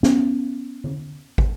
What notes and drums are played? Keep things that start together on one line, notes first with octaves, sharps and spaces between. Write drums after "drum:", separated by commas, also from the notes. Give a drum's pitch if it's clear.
B3 C#4, drum: snare
drum: tom D3
drum: kick